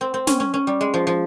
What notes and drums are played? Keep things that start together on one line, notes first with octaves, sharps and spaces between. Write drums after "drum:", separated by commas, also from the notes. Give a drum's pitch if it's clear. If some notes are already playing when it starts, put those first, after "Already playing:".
C4
C4
C#4, drum: snare
C#4
C#4
G3
G#3
F3
F3